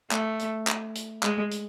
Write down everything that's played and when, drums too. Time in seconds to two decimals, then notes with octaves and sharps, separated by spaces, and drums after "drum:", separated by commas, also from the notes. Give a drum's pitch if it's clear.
0.11 A3, drum: clap
0.39 drum: hi-hat
0.67 drum: clap
0.95 drum: hi-hat
1.23 G#3, drum: clap
1.51 drum: hi-hat